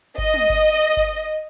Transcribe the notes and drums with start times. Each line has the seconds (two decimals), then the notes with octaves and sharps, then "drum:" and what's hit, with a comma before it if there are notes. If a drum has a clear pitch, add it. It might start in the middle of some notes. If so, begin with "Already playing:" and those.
0.18 D#5, drum: kick G1
0.34 drum: tom
0.50 drum: kick G1
0.97 drum: kick G1